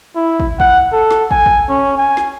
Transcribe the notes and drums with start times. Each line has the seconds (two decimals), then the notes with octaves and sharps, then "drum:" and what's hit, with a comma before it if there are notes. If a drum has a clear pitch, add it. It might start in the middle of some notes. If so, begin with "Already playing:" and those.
0.16 E4
0.40 drum: kick
0.60 F#5, drum: kick
0.93 A4
1.11 drum: snare
1.31 G#5, drum: kick
1.46 drum: kick
1.69 C#4
1.98 G#5
2.17 drum: snare